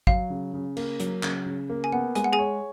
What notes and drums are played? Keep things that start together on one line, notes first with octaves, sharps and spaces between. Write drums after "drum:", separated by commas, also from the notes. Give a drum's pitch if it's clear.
F#3 F5, drum: kick
C#3
C#3
A#3, drum: cymbal
F#3, drum: hi-hat
C#3, drum: clap
C#3
A#3
G#5
B3 F#5
G#3 G#5, drum: hi-hat
F#5
G#4 G#5
C#5